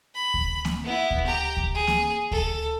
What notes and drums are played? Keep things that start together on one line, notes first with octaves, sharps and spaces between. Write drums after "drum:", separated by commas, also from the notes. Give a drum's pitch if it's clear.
B5
drum: kick D2
drum: snare A#3
B3 E4
drum: kick D2
G4 A#5
drum: kick D2
G#4
drum: snare A#3
A4, drum: kick D2